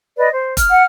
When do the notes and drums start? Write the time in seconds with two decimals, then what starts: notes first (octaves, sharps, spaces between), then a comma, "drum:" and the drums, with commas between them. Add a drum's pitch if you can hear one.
0.18 B4 D5 D#5
0.32 C5
0.57 F6, drum: kick F1, hi-hat
0.70 F#5